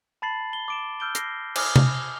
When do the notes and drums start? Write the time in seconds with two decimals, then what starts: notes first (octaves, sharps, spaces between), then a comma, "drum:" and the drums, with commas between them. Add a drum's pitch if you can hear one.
0.22 A5 B5 A6 C7 F#7
0.53 G7
0.68 D6 D7 E7
1.00 E6 F6 G6 D7 G7
1.15 A#6 C7, drum: hi-hat
1.55 G#5 D6 D#6 F6, drum: cymbal
1.76 drum: tom C3